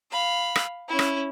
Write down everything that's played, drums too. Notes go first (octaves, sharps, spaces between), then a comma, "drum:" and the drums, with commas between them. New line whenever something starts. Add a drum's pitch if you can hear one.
F5 B5
drum: rim click
C#4 E4
drum: rim click